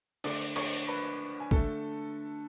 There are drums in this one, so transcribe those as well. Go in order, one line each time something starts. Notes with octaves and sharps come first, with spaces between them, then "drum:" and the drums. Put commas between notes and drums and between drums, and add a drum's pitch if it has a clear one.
D3 A3 D5 D6, drum: cymbal
C#5 C#6, drum: cymbal
B4 B5
G#5
D3 A3 A4 A5, drum: kick